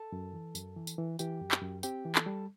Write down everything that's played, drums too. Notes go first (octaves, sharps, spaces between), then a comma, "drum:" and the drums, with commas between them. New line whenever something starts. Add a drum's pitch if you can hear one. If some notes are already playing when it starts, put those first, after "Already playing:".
Already playing: A4 A5
F#2
E3
F#2, drum: tambourine
E3
drum: tambourine
E3
E3 G4 G5, drum: tambourine
F#2
drum: clap
F#2
C4 G4 G5, drum: tambourine
E3
A4 A5, drum: clap
G3